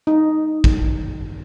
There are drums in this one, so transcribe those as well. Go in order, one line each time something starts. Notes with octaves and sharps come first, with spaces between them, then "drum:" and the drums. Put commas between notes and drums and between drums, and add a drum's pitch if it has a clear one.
D#4
drum: kick